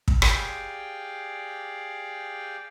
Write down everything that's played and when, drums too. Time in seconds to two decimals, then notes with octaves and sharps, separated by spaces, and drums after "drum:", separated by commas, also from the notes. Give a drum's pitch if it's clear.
0.08 drum: kick
0.22 G4 G#4 D5 F5 G5, drum: rim click